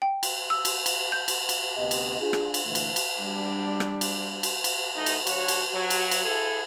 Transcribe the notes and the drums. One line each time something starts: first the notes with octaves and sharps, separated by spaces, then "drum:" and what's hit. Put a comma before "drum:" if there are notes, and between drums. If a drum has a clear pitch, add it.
G5
drum: cymbal
E6
drum: cymbal
drum: cymbal
G6
drum: cymbal
drum: cymbal
D2 C3 B3 G4 D#5
drum: cymbal
D4 F4 G#4
drum: rim click
drum: cymbal
A#2 D3 E3 A3
drum: cymbal
drum: cymbal
G3 D4
drum: rim click
drum: cymbal
drum: cymbal
drum: cymbal
E3 A3 D#4
drum: cymbal
D3 F#3 F#4 C#5, drum: cymbal
drum: cymbal
F#3
drum: cymbal
drum: cymbal
E4 G#4 A4